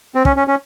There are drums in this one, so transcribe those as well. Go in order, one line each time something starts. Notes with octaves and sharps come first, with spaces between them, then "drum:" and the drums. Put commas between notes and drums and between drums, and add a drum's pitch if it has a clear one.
C4
C#4, drum: kick
C#4
C#4